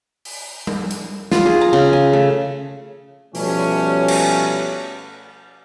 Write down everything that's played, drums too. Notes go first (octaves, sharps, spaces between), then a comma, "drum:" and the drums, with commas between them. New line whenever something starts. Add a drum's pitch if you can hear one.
drum: open hi-hat
drum: tom G3
drum: hi-hat
F4, drum: snare
G#4
A#5
C#3
G#5
A3
B2 F3 G3 A3 C#4, drum: open hi-hat
drum: cymbal